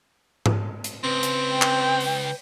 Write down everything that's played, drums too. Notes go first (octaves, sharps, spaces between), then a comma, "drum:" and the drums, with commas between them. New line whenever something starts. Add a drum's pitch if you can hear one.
drum: tom G#2
drum: hi-hat
C#2 C4 B4
drum: hi-hat
G5
drum: clap
drum: open hi-hat